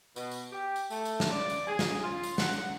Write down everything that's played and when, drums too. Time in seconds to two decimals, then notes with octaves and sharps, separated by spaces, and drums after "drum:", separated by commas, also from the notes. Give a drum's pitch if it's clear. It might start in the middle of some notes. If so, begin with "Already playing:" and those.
0.16 B2, drum: tambourine
0.31 drum: tambourine
0.53 G4
0.76 drum: tambourine
0.90 A3, drum: tambourine
1.05 drum: tambourine
1.20 drum: snare
1.31 D5
1.50 drum: tambourine
1.68 G#4
1.79 drum: snare
2.03 F4
2.23 drum: tambourine
2.38 F#5, drum: snare
2.53 drum: tambourine